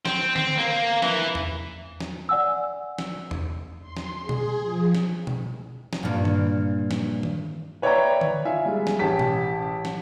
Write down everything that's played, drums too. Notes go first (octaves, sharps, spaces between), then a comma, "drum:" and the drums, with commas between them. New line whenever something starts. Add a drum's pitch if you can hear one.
C4, drum: snare
C4, drum: tom D3
A#3
E3, drum: snare
drum: tom E2
drum: snare
D5 F#5 G#5 E6
drum: snare
drum: tom E2
C6
drum: snare
G#4
drum: tom B2
F3
drum: snare
drum: tom B2
drum: snare
G2 A#2
drum: tom D3
drum: snare
drum: tom D#3
B4 C#5 D5 E5 G5 A#5
drum: tom D3
F4 E5 G#5
G3 G#3
drum: snare
A1 C#4 G4 A5 B6
drum: tom B2
drum: snare